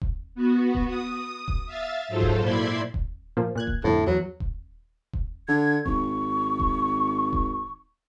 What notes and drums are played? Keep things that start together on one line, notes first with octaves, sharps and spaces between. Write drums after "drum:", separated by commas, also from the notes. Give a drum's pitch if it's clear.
drum: kick D#1
B3 F#4
drum: kick D#1
D#6
drum: kick D#1
E5 F5 A6
G#2 F#3 F4 A4 C5
drum: kick D#1
A#2 E4 D5 B5 C6 G#6
drum: kick D#1
A#2 F3 A#3
A#2 F#6 G#6
drum: kick D#1
B1 F2 A2 D3
E2 F#3
drum: kick D#1
drum: kick D#1
D3 G#6
G#1 C#6, drum: kick D#1
drum: kick D#1
drum: kick D#1